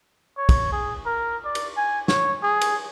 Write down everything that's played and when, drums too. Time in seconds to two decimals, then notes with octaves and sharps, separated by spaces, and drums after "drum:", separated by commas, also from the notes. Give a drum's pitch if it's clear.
0.37 C#5
0.49 drum: kick, cymbal
0.72 G#4
1.06 A#4
1.45 D5
1.55 drum: cymbal
1.77 G#5
2.08 C#5, drum: snare
2.43 G#4
2.61 drum: cymbal